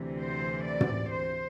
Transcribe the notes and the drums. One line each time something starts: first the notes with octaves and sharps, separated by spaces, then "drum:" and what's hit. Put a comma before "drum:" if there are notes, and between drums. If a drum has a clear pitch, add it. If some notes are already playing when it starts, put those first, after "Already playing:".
Already playing: D2 C3 E3
C5
D5
drum: tom
C5